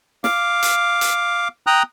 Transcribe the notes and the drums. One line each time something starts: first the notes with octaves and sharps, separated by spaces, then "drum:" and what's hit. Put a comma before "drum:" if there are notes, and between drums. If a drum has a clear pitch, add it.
F5 D6, drum: snare
drum: hi-hat
drum: hi-hat
G5 A#5 D#6 F#6